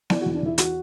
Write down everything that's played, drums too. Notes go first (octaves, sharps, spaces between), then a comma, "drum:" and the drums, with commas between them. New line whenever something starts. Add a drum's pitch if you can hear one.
E3 D5, drum: snare B3
F#4
E2
D4
E2 E4
E3 F#4, drum: hi-hat